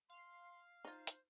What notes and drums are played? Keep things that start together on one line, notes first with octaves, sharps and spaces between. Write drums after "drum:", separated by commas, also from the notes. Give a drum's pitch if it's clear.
F5 C6
D#4 F4 C5
drum: hi-hat